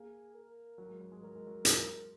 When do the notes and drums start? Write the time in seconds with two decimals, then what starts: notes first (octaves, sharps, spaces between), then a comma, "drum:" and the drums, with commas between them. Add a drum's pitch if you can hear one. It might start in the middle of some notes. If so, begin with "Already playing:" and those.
Already playing: A#3 G#4
0.35 A#4
0.78 F#3
0.89 G#3
1.00 F#3
1.12 G#3
1.21 F#3 A#4
1.35 G#3
1.47 F#3
1.65 A#4, drum: hi-hat